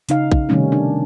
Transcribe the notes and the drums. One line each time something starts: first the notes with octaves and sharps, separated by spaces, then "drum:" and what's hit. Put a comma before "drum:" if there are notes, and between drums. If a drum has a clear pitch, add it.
C#3 D#4 F5, drum: hi-hat
drum: kick
C3 D#3 G3 A3 C#4 D#4
D4